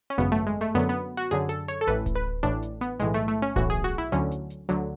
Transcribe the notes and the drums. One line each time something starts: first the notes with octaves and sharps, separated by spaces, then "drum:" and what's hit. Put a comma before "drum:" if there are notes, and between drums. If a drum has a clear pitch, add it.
C#4
G#1 F#2 C#3 B3, drum: hi-hat
A3
G#3
A3
F#2 D3 F#3 B3
B3
F#4
F#2 D3 F#3 G#4, drum: hi-hat
A4, drum: hi-hat
C#5, drum: hi-hat
A4
A1 A2 E3 B4, drum: hi-hat
drum: kick D1, hi-hat
B4
A1 A2 E3 D4, drum: hi-hat
drum: hi-hat
B3, drum: hi-hat
B1 A2 E3 G#3, drum: hi-hat
A3
A3
C#4
B1 A2 E3 F#4, drum: kick D1, hi-hat
G#4
F#4
E4
D2 D3 F#3 C#4, drum: hi-hat
drum: hi-hat
drum: hi-hat
D2 D3 F#3, drum: hi-hat